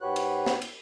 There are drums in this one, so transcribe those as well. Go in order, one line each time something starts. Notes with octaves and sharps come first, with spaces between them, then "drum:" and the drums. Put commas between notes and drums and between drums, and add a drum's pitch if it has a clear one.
G#2 F#4 G4 B4 C#5 F#6
drum: cymbal
drum: snare
drum: cymbal